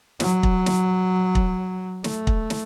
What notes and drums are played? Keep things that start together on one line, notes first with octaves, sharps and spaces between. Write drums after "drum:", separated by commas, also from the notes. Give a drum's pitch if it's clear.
F#3, drum: snare
drum: kick
drum: snare
drum: kick
A3, drum: snare
drum: kick
drum: snare